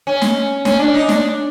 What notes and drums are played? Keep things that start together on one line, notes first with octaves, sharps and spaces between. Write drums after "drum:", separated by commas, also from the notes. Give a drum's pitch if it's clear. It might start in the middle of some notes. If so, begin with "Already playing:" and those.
C#4
drum: snare
C#4, drum: snare
D4
D#4
D4, drum: snare